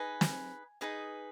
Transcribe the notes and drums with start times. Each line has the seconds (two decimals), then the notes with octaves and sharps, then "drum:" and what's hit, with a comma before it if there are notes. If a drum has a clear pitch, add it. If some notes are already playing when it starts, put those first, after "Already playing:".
Already playing: D#4 G#4 B4 D#5 G#5
0.21 drum: snare
0.81 D#4 G#4 B4 D#5